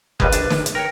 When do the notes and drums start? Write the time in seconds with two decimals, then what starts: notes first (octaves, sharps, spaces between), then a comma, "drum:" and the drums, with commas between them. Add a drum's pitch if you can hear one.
0.20 D#2 G3 G#3 B4, drum: kick F#1
0.32 A#1 D4 A5, drum: hi-hat
0.50 drum: snare
0.66 drum: hi-hat
0.75 A#4 C#5 G5